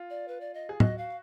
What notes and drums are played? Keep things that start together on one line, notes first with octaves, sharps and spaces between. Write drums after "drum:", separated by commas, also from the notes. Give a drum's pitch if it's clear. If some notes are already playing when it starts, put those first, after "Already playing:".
Already playing: F4
D5
B4
D5
D#5
G#4
F#4 D#5, drum: tom
F5